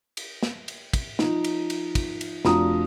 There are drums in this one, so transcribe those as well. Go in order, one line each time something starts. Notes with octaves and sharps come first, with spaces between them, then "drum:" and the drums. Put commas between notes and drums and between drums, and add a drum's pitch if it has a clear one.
drum: cymbal
drum: snare
drum: cymbal
drum: kick, cymbal
F3 D#4, drum: snare
drum: cymbal
drum: cymbal
drum: kick, cymbal
drum: cymbal
F1 D4 F4 F#4 A#5 D#6, drum: snare